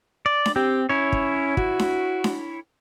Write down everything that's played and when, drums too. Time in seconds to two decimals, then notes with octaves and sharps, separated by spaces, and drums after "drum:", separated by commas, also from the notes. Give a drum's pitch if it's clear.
0.26 D5
0.46 drum: snare D4
0.56 C4 G4
0.89 C#4 E4 C#5
1.12 drum: kick
1.57 F#4, drum: kick
1.79 drum: snare D4
2.24 drum: snare D4